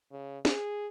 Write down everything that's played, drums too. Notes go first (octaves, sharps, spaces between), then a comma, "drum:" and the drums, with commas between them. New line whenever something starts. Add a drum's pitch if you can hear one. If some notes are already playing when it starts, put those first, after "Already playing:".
C#3
G#4, drum: snare